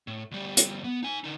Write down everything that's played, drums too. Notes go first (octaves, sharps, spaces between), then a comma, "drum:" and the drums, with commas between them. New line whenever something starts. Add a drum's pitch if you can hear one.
A2
D2 G3
drum: hi-hat
B3
D#4 G#5
D3 D#4